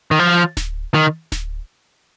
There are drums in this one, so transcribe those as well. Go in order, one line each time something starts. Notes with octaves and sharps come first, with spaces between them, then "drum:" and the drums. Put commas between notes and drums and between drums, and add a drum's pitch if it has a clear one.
D#3
F3
drum: snare D1
D#3
drum: snare D1